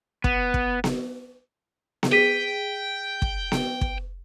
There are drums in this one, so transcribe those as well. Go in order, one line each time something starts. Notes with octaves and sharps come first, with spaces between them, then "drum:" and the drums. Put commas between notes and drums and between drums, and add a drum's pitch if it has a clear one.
B3, drum: kick
drum: kick
drum: snare B3
drum: snare B3
G#4 G5 B6 D#7
drum: kick
drum: snare B3
drum: kick